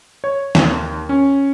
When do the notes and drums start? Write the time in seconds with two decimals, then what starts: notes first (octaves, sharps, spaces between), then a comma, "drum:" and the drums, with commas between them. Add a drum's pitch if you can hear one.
0.24 C#5
0.55 D#2, drum: snare
1.09 C#4